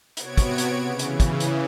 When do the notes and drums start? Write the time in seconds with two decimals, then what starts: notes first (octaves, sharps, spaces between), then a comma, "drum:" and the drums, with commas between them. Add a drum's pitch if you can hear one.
0.17 C3 B3 F#4 C#5 G#6 D7, drum: hi-hat
0.37 drum: kick, hi-hat
0.58 drum: hi-hat
0.83 C#3 E3
0.99 drum: hi-hat
1.20 drum: kick, hi-hat
1.40 drum: hi-hat